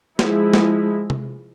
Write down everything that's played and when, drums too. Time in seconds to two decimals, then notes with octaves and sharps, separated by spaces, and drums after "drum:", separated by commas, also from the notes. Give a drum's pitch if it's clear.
0.19 F3 G#3 E4, drum: snare
0.54 drum: snare
1.10 drum: tom C3